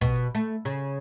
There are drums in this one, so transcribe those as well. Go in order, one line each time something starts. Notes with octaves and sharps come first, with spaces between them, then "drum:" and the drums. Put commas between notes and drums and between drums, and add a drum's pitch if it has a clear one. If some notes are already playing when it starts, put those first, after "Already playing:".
B2, drum: kick, hi-hat
drum: hi-hat
A3
C#3